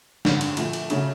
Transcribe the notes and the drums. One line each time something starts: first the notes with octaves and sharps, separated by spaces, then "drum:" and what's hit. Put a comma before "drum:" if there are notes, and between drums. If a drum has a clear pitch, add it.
A1 G2 D3, drum: snare
drum: cymbal
A#2 F3 A3, drum: cymbal
drum: cymbal
C#3 F#3 A3 C#4, drum: cymbal